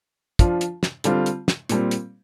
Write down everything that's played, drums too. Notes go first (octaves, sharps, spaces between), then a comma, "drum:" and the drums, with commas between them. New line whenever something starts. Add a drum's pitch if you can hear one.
F3 D4 F4, drum: kick, hi-hat
drum: hi-hat
drum: snare
D3 G3 C4 F4, drum: hi-hat
drum: hi-hat
drum: snare
A#2 G3 C4, drum: hi-hat
drum: hi-hat